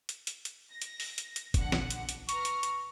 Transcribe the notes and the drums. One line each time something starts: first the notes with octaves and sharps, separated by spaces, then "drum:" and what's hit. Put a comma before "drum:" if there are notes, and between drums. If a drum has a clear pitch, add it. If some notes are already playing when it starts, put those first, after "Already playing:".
drum: hi-hat
drum: hi-hat
drum: hi-hat
A#6
drum: hi-hat
drum: open hi-hat
drum: hi-hat
drum: hi-hat
A#1 D3 F#5, drum: kick F#1, hi-hat
drum: snare
drum: hi-hat
drum: hi-hat
B4 A#5 C#6 F6, drum: hi-hat
drum: hi-hat
drum: hi-hat